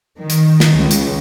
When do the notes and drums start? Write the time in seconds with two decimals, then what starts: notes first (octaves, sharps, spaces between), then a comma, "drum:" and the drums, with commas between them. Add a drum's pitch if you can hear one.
0.20 D#3
0.30 drum: hi-hat
0.60 drum: snare
0.75 C#2
0.91 drum: hi-hat